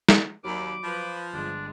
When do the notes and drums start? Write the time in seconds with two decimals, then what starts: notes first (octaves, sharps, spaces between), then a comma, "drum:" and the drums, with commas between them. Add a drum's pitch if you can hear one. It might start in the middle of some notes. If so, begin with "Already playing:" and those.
0.09 drum: snare
0.44 D#2 F#3 D5 B5 D6
0.83 F3 B4 B5
1.34 G1 G#3 D4